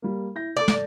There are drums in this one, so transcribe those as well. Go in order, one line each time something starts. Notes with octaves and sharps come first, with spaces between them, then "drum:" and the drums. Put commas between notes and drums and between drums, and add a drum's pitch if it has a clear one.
G3 A#3
E4 G6 A#6
A4 D5 D6 A6
drum: snare